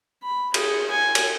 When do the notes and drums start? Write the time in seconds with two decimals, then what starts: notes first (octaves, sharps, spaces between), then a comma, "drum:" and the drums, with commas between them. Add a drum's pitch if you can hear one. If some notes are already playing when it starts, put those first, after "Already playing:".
0.23 B5
0.54 G#4, drum: cymbal
0.91 G#5
1.15 drum: cymbal